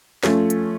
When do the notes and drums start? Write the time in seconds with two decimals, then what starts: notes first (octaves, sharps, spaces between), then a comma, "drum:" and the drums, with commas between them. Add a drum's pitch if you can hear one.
0.23 F3 A3 C#4, drum: snare
0.50 drum: hi-hat